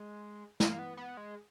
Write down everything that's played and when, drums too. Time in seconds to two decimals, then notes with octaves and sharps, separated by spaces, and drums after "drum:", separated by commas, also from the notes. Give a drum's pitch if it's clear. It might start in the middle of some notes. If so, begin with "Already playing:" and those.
Already playing: G#3
0.60 A#3, drum: snare
0.79 B3
0.97 B3
1.17 G#3